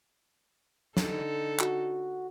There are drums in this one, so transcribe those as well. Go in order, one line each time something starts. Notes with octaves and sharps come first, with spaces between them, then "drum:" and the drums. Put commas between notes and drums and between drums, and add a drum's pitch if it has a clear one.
D3 D#4 A4, drum: snare
F#4, drum: clap